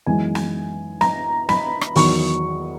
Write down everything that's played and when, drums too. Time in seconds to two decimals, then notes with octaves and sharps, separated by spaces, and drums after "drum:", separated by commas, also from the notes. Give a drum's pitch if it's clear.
0.06 F#2 E3 G#3 B3 D#4 G#5
0.35 drum: snare
1.01 A#5, drum: snare
1.49 B5, drum: snare
1.81 drum: rim click
1.96 E2 D#3 F#3 C#6, drum: open hi-hat